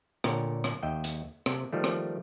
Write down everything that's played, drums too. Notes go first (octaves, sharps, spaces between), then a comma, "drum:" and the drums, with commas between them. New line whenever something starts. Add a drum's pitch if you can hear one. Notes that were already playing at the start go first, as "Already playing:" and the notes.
A#2 D3 C#5 G5, drum: rim click
drum: rim click
D#2 D#5 E5 G5
drum: hi-hat
C3, drum: rim click
D#3 F3 G3 A3
drum: rim click